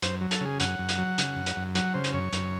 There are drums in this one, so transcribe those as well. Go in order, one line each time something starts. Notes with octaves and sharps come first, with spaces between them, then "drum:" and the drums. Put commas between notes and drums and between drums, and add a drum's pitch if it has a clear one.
F#2 C5, drum: hi-hat
F#3
A4, drum: hi-hat
C#3 G#4
F#2 F#5, drum: hi-hat
F#2
drum: hi-hat
F#3
C#3, drum: hi-hat
F#2
drum: hi-hat
F#2
F#3 F#5, drum: hi-hat
C#3 C5
drum: hi-hat
F#2 C#5
F#2, drum: hi-hat